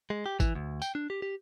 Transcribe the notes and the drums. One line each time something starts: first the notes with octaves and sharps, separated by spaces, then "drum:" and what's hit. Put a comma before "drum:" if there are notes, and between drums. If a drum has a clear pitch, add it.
G#3
G4
E3, drum: kick, tambourine
D2
G5, drum: tambourine
D4
G4
G4